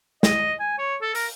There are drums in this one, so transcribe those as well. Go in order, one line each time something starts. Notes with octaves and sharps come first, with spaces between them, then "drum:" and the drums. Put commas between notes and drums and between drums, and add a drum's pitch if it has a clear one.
D#5, drum: snare
G#5
C#5
A4
A#4, drum: open hi-hat